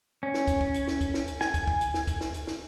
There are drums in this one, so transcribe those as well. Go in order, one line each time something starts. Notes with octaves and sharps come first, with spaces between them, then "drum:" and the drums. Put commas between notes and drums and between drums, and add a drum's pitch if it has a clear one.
C#4
drum: snare
drum: kick, hi-hat
drum: kick
drum: hi-hat
drum: snare
drum: kick, hi-hat
drum: snare
drum: hi-hat
G#5, drum: snare
drum: kick, hi-hat
drum: kick
drum: hi-hat
drum: snare
drum: kick, hi-hat
drum: snare
drum: hi-hat
drum: snare